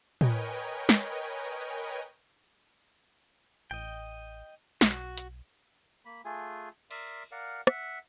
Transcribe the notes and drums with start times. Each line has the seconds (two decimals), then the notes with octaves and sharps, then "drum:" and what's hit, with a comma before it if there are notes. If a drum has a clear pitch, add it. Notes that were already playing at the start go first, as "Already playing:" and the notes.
0.21 A#4 B4 C#5 D#5 G5 G#5, drum: tom A2
0.89 drum: snare
3.71 A1 D#5 G5
4.81 B1 F#4, drum: snare
5.17 drum: hi-hat
6.05 A#3 B5
6.25 A3 F4 G#4 G#5
6.91 A#4 D5 E5 C6, drum: cymbal
7.32 A#4 D5 F5 F#5
7.67 E5 F#5, drum: rim click